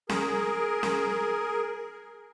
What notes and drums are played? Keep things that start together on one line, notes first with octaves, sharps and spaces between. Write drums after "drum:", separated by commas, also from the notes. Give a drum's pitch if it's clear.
G#4 A#4, drum: snare C#4
drum: snare C#4